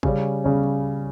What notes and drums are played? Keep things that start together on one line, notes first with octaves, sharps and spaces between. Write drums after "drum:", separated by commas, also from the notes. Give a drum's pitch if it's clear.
C#3 G3 C#4, drum: kick
C#3 G3 C#4